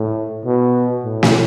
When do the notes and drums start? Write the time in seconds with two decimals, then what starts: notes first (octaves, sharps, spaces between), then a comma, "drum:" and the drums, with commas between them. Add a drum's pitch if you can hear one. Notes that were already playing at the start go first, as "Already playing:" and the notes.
Already playing: A2
0.45 B2
1.04 A2
1.23 drum: snare